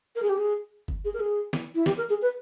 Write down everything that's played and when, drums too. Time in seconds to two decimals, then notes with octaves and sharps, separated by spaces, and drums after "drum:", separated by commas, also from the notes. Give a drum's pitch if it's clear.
0.16 A#4
0.22 G#4
0.29 G4
0.38 G#4
0.88 drum: kick G1
1.05 G#4
1.14 A#4
1.20 G#4
1.53 drum: snare
1.75 E4
1.86 G4, drum: snare
1.98 A#4
2.10 G#4
2.22 B4